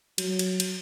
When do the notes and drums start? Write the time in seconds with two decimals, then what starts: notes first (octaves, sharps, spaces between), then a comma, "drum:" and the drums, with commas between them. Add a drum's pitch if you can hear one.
0.18 F#3, drum: cymbal
0.39 drum: cymbal
0.60 drum: cymbal